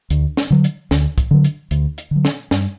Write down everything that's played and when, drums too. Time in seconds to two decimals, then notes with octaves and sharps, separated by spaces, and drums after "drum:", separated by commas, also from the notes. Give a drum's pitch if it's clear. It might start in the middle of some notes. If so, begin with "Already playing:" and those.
0.10 D2, drum: hi-hat
0.37 drum: snare
0.50 D3 F#3
0.64 drum: hi-hat
0.91 D2, drum: snare
1.18 drum: kick, hi-hat
1.31 D3 F#3
1.44 drum: hi-hat
1.71 D2, drum: hi-hat
1.98 drum: hi-hat
2.11 D3 F#3
2.25 drum: snare
2.51 G2, drum: snare